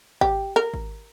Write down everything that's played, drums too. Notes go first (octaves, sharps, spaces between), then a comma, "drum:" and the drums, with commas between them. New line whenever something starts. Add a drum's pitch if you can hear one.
G4, drum: kick G#1
A#4
drum: kick G#1